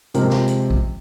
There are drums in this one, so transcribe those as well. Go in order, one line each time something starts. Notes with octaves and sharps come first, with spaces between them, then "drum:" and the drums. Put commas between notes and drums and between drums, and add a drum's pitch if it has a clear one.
C3 F3 G#3 A#4, drum: hi-hat
drum: snare
drum: hi-hat
drum: kick